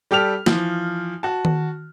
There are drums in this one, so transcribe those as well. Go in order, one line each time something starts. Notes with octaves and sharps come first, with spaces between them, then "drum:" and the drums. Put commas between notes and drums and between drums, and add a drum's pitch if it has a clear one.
G3 G4 A4 F6 F7
E3 F3, drum: snare
F#4 A5
drum: tom D#3